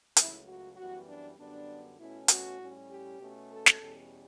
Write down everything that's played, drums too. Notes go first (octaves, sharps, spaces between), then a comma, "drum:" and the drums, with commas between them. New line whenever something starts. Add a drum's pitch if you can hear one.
C#2 C#3 F#3 A3 E4, drum: hi-hat
F#4
F#2 E3 G3 B3 F#4
D4
F#2 D3 G3 B3 D4
B2 A3 C#4 E4
F#4, drum: hi-hat
A2 G3 C#4
G4
B2 A3 C#4
A4
drum: snare
E2 B2 G3 C#4